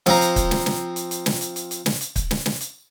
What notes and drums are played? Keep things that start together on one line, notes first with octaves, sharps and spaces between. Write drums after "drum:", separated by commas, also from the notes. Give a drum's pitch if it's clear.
F3 C4 A#5, drum: snare
drum: hi-hat
drum: kick, hi-hat
drum: snare
drum: snare
drum: hi-hat
drum: hi-hat
drum: snare
drum: hi-hat
drum: hi-hat
drum: hi-hat
drum: snare
drum: hi-hat
drum: kick, hi-hat
drum: snare
drum: snare
drum: hi-hat